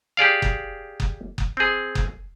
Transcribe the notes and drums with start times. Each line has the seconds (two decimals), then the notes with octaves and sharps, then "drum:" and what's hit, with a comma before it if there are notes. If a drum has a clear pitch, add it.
0.17 G4 G#4 D5 F5
0.42 drum: kick F#1
1.00 drum: kick F#1
1.38 drum: kick F#1
1.57 C4 G#4
1.95 drum: kick F#1